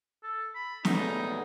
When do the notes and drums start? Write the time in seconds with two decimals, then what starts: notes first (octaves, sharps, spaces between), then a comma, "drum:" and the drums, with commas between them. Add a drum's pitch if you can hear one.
0.24 A4
0.55 B5
0.85 B2 A3 B3 D#4, drum: snare